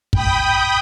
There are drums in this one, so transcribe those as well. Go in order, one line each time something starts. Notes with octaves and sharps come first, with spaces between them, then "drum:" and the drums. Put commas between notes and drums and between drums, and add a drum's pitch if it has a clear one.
G5 B5 D#6 G6, drum: kick